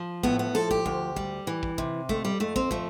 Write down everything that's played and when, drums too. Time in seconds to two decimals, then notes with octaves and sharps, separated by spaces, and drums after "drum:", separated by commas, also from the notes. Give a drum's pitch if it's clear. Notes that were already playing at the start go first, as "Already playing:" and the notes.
Already playing: F3
0.23 A2 B3, drum: kick
0.39 B3
0.55 F3 A4
0.71 G4, drum: kick
0.86 D2, drum: kick
1.16 G3, drum: kick
1.47 E3
1.63 drum: kick
1.78 C3, drum: kick
2.09 F2 A3, drum: kick
2.25 G3
2.40 F2 A3
2.56 C4, drum: kick
2.71 F3 A3, drum: kick